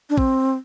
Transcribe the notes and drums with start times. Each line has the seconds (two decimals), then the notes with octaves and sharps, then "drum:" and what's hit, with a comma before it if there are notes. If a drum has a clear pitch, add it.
0.10 D4
0.17 C4, drum: kick